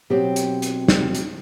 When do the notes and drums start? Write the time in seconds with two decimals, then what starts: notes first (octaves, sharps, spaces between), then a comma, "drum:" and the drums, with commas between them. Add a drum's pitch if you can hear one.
0.10 B2 F#3 C4 G4
0.36 drum: hi-hat
0.62 drum: hi-hat
0.88 drum: snare
1.15 drum: hi-hat